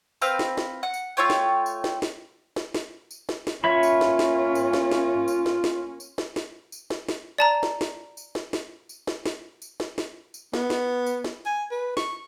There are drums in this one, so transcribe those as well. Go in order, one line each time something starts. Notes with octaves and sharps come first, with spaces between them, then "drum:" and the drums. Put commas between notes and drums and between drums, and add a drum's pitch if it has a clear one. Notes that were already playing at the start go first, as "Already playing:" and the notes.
C4 B4 F5 G6, drum: tambourine
drum: snare
drum: snare
F#5
drum: tambourine
A3 F4 C#5 G5
drum: snare
drum: tambourine
drum: snare
drum: snare
drum: snare
drum: snare
drum: tambourine
drum: snare
drum: snare
A#3 C#4 F4 C#5 E5 B5
drum: tambourine
drum: snare
drum: snare
drum: tambourine
drum: snare
drum: snare
drum: tambourine
drum: snare
drum: snare
drum: tambourine
drum: snare
drum: snare
drum: tambourine
drum: snare
drum: snare
D5 A5 A#5
drum: snare
drum: snare
drum: tambourine
drum: snare
drum: snare
drum: tambourine
drum: snare
drum: snare
drum: tambourine
drum: snare
drum: snare
drum: tambourine
B3, drum: snare
drum: snare
drum: tambourine
drum: snare
G#5
B4
C#6, drum: snare